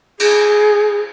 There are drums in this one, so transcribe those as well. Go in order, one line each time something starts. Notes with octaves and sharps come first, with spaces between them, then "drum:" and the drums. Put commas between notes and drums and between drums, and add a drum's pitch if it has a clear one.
G#4, drum: cymbal